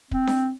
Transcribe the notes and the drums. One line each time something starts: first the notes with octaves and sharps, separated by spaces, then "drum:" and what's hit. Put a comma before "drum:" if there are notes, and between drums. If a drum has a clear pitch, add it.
C4, drum: kick
drum: snare D4